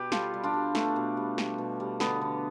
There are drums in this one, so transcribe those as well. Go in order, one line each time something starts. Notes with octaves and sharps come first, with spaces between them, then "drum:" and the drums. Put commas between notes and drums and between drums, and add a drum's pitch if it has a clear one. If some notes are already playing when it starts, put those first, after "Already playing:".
Already playing: B2 G4 B4
G3 F4 A4, drum: snare
G3
D4 F4
G3
B2 A3, drum: snare
B2
G3
G3, drum: snare
B2
G3
D3 B3, drum: snare
D3